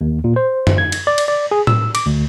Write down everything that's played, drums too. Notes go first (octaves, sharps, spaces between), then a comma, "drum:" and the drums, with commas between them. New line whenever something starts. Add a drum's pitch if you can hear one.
D#2
A#2
C5
drum: tom F#2
G#6
drum: cymbal
D5
drum: cymbal
D5
G#4
E6, drum: tom A2
D6, drum: cymbal
D2